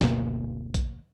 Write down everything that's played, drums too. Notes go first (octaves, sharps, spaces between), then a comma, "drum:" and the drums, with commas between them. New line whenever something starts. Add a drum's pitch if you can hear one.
F#1 D2 B2 A#3, drum: snare
drum: kick, hi-hat